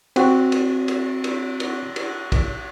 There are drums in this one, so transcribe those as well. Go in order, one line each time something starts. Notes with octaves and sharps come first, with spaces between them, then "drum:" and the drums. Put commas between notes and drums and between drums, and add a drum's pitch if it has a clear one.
C4 F#4, drum: cymbal
drum: cymbal
drum: cymbal
drum: cymbal
drum: cymbal
drum: cymbal
drum: kick, cymbal